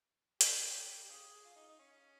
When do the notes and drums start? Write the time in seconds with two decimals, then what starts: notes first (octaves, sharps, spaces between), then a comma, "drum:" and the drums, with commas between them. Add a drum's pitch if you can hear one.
0.41 G4, drum: hi-hat
1.04 G4
1.09 C#4 F4 G#4
1.44 F4
1.56 D#4
1.67 D#4
1.79 C#4